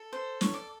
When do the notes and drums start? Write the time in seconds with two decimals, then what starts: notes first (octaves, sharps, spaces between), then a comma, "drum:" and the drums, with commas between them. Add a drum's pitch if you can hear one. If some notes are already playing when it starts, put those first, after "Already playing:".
Already playing: A4
0.13 C5
0.41 C#5, drum: snare
0.54 D5